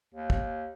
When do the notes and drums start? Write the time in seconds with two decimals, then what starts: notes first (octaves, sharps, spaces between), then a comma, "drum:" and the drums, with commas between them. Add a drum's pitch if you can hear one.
0.14 D#2
0.30 drum: kick